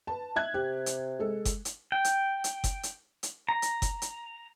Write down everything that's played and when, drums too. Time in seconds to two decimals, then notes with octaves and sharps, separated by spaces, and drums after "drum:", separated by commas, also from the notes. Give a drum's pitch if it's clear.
0.07 B4 A5
0.36 E5 F#6 G#6
0.54 C3 G4
0.86 drum: hi-hat
1.19 G#3 A4
1.45 drum: kick F#1, hi-hat
1.65 drum: hi-hat
1.92 G5
2.05 drum: hi-hat
2.44 drum: hi-hat
2.64 drum: kick F#1, hi-hat
2.83 drum: hi-hat
3.23 drum: hi-hat
3.49 A#5
3.62 drum: hi-hat
3.82 drum: kick F#1, hi-hat
4.02 drum: hi-hat